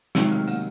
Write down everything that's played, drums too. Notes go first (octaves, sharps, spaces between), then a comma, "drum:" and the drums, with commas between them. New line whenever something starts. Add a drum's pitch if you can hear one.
C3 D#3 F#3 G#3, drum: snare
A3
A#3, drum: tambourine